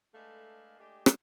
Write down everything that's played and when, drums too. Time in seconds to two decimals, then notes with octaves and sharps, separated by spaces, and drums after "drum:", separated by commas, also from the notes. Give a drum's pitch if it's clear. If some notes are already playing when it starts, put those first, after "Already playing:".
0.15 G#3 A3 D4 A4 B4 F5
0.79 G#3 A3 D4 G4
1.06 drum: rim click